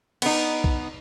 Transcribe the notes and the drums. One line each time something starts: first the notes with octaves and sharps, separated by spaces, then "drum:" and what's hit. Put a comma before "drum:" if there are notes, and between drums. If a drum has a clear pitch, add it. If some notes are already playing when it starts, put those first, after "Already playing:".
B3 D#4, drum: cymbal
drum: kick